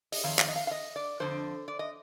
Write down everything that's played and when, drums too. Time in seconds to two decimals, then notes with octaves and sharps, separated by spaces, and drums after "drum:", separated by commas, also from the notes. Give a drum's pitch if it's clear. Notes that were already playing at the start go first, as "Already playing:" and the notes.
0.12 D#5, drum: open hi-hat
0.24 F2 D#3 F5
0.39 F5, drum: clap
0.48 D#5
0.56 F5
0.67 F5
0.71 D#5
0.96 D5
1.20 F2 D3 F3 C5
1.68 D5
1.79 D#5